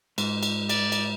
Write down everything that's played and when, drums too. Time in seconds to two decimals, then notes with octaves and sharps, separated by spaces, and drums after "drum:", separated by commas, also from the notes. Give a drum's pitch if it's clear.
0.18 G#2, drum: cymbal
0.43 drum: cymbal
0.69 D5, drum: cymbal
0.92 drum: cymbal